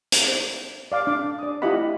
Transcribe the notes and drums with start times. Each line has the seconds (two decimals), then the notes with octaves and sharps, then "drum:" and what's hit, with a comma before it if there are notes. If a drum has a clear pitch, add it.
0.12 drum: hi-hat
0.92 D5 F5 D6
1.07 D4 D6
1.39 D5 D#6
1.62 E4 F4 G4 D#5 F#5 B5